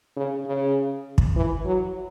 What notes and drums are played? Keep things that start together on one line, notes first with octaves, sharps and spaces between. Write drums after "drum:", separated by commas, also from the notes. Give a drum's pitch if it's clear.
C#3
C#3
drum: kick
E3
F#3